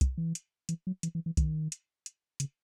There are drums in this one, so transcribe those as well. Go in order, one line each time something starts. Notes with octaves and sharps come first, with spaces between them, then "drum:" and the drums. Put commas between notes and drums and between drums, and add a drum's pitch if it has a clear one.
drum: kick, hi-hat
E3
drum: hi-hat
E3, drum: hi-hat
F#3
E3, drum: hi-hat
E3
E3
D#3, drum: kick, hi-hat
drum: hi-hat
drum: hi-hat
C#3, drum: hi-hat